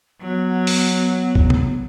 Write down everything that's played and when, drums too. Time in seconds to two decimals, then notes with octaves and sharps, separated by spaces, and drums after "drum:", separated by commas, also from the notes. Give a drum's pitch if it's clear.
0.21 F#3 B3
0.67 drum: open hi-hat
1.35 drum: kick
1.50 drum: tom